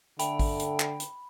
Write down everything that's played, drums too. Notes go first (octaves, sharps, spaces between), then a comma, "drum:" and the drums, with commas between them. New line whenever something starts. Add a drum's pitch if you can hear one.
D3 A3 G5 B5, drum: hi-hat
drum: kick A1, open hi-hat
drum: hi-hat
drum: clap
drum: hi-hat